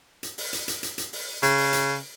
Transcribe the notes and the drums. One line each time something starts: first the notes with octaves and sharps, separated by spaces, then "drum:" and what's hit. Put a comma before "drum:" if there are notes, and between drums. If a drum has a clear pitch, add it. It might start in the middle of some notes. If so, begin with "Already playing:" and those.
drum: hi-hat
drum: open hi-hat
drum: hi-hat
drum: hi-hat
drum: hi-hat
drum: hi-hat
drum: open hi-hat
C#3, drum: hi-hat
drum: open hi-hat
drum: hi-hat